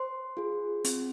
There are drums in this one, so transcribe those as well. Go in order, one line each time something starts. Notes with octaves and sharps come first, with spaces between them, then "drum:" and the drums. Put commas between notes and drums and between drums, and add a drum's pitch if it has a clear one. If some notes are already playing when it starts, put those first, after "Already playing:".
Already playing: C5 C6
F4 G#4
C4, drum: hi-hat